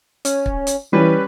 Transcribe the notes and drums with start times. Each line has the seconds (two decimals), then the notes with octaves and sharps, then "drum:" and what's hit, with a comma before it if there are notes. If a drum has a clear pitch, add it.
0.25 C#4, drum: hi-hat
0.46 drum: kick
0.67 drum: hi-hat
0.93 E3 G3 C#4 B4